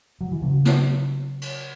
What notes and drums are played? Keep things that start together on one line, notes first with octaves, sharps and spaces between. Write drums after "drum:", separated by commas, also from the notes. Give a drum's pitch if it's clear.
F#3
E3
C#3 F#3
drum: snare
drum: cymbal